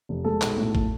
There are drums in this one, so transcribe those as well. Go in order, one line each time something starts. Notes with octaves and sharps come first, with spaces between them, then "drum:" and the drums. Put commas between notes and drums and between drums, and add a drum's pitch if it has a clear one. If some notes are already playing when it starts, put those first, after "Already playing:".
F1
G#3 A4
B1, drum: clap
A2
drum: kick